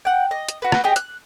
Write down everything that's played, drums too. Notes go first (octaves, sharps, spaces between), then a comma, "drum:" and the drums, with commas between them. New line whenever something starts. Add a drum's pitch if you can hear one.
F#5 G5
D#5
drum: hi-hat
F#4 B4
drum: rim click
G4 G#4 D#5
F#6, drum: hi-hat